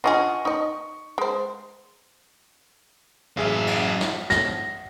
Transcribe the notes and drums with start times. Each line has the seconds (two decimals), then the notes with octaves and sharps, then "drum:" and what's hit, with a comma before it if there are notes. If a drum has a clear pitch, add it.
0.04 D4 F4 G#4 D#5 F#5 C#6
0.45 D#4 D#5 C#6
1.18 G#3 C5
3.37 A1 F#2 G#4 E5 F5
3.67 drum: cymbal
4.01 drum: snare
4.30 A#6, drum: snare